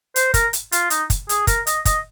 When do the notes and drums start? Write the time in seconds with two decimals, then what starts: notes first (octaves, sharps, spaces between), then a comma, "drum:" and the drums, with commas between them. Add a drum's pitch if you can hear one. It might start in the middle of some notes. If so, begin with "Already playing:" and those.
0.16 C5, drum: hi-hat
0.34 A#4, drum: kick, hi-hat
0.53 drum: hi-hat
0.72 F4, drum: hi-hat
0.90 D#4, drum: hi-hat
1.10 drum: kick, hi-hat
1.29 G#4, drum: hi-hat
1.47 A#4, drum: kick, hi-hat
1.67 D#5, drum: hi-hat
1.85 D#5, drum: kick, hi-hat